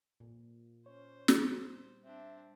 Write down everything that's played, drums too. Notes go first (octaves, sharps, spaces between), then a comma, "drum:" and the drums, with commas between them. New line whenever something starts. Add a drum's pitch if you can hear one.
A#2
C#4 C5 C#5
G3, drum: snare
C4 D4 E5